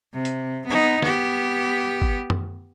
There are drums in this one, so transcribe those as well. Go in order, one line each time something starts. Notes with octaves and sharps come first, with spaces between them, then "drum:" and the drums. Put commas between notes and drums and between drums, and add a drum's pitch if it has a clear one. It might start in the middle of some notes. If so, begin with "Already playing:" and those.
C3
drum: hi-hat
B3 D#4
B3 G4, drum: snare
drum: kick
drum: tom F#2